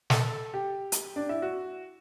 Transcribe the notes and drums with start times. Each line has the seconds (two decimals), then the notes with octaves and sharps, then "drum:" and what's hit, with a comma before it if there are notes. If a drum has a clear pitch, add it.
0.10 A4, drum: snare
0.54 G4
0.92 drum: hi-hat
1.16 D4
1.29 E4
1.42 F#4